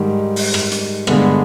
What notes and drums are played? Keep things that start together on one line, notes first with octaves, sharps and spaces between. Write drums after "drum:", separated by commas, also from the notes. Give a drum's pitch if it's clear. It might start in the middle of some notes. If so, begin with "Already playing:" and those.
Already playing: G#2 D#3 G3
drum: open hi-hat
drum: rim click
drum: hi-hat
G2 D3 G#3 B3, drum: rim click